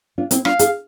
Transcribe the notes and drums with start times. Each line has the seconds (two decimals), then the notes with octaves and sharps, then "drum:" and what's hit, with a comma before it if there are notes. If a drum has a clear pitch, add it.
0.18 D4 F4
0.31 C4 E4, drum: hi-hat
0.45 D4 F4 F5, drum: rim click
0.59 E4 G#4, drum: hi-hat